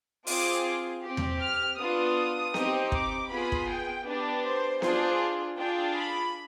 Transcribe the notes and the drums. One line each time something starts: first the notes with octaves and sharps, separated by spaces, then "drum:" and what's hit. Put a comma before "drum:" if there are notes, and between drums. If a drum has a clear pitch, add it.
C4 F4 G#4 D6, drum: open hi-hat
C4 G4
drum: tom E2
F6
B3 D4 F4 D#6
C4 D#4 G4, drum: snare B3
D6, drum: kick
B3 F4 G#4 B5
drum: kick
G5
B3 D4 G4 B4
C5
D4 F4 G#4 C5, drum: snare B3
D4 F4 G#4 G5
B5